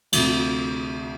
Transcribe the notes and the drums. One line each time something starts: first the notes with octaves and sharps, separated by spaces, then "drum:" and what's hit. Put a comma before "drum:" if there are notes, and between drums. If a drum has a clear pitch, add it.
D2 C3 F3, drum: cymbal